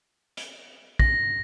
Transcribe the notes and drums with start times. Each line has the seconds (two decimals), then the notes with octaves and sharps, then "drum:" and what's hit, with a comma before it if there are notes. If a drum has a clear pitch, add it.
0.37 drum: hi-hat
0.99 A#6, drum: kick A#1